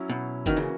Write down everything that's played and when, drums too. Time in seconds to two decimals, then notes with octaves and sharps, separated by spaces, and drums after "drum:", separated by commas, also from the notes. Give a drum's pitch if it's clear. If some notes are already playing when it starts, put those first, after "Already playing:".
Already playing: F#3 C#4 E4
0.10 B2
0.46 D#3 E3 A#3 C#4 F#4, drum: kick F#1, hi-hat
0.57 C#3